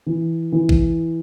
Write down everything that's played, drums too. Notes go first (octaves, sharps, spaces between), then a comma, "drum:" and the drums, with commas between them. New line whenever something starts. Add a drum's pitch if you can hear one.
E3
E3
drum: kick A#1